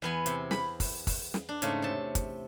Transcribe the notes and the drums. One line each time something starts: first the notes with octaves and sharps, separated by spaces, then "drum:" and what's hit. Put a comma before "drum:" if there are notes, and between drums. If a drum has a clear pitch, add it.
E2 B3 G#5
C3, drum: hi-hat
B5, drum: snare
drum: kick, open hi-hat
drum: kick, open hi-hat
drum: snare
D4
G#2 C#3 A3, drum: hi-hat
C3 A5
drum: kick, hi-hat